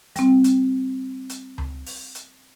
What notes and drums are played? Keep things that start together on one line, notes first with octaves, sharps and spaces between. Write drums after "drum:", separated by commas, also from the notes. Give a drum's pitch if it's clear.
G3 C4, drum: hi-hat
drum: hi-hat
drum: hi-hat
drum: tom C#2
drum: open hi-hat
drum: hi-hat